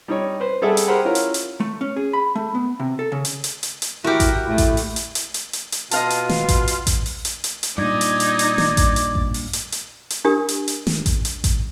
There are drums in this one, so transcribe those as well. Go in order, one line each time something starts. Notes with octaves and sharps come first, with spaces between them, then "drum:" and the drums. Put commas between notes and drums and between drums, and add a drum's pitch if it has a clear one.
G3 D#4 C#5
B4 C5
G3 G#4 A4 E5 F#5
drum: hi-hat
G4 G#4 A#4 C5 F#5 B5
C#4 E4 F4 A#4
drum: hi-hat
drum: hi-hat
A3
C#4
G#4
B5
A3
B3
C3
A4
C#3
drum: hi-hat
drum: hi-hat
drum: hi-hat
drum: hi-hat
E4 F#4 G4 A#4
drum: kick A1, hi-hat
A2 A3 E4
drum: kick A1, hi-hat
drum: open hi-hat
drum: hi-hat
drum: hi-hat
drum: hi-hat
drum: hi-hat
drum: hi-hat
B2 F4 D#5 F5 A5, drum: hi-hat
drum: hi-hat
drum: snare
drum: kick A1, hi-hat
drum: hi-hat
drum: kick A1, hi-hat
drum: open hi-hat
drum: hi-hat
drum: hi-hat
drum: hi-hat
G2 A#2 D#4 D5 G#6
drum: hi-hat
drum: hi-hat
drum: hi-hat
drum: snare
drum: kick A1, hi-hat
drum: hi-hat
drum: kick A1
drum: open hi-hat
drum: hi-hat
drum: hi-hat
drum: hi-hat
D4 G4 A#4 G#5 D#6
drum: hi-hat
drum: hi-hat
drum: snare
drum: kick A1, hi-hat
drum: hi-hat
drum: kick A1, hi-hat